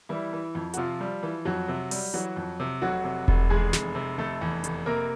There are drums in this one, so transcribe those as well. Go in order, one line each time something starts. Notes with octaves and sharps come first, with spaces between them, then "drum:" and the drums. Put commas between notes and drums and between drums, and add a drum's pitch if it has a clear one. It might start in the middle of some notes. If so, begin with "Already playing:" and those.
E3 G3 E4
E3
F2
F#4, drum: hi-hat
C3 F3 F4
G3
E3
F2 F#3 F#4
C3
G3, drum: open hi-hat
E3 F#3 F#4
F2
C3
F1 F#3 F#4
C3
F1, drum: kick E1
E2 G#3 G#4
F1, drum: snare
C3
F1 A3 A4
E2
F1, drum: hi-hat
C3 A#3 A#4